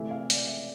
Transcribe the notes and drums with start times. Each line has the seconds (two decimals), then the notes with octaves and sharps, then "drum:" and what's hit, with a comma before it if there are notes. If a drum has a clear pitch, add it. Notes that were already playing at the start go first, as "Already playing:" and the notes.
Already playing: C3 E3 A3 E5
0.11 F5
0.30 D5, drum: hi-hat
0.47 E5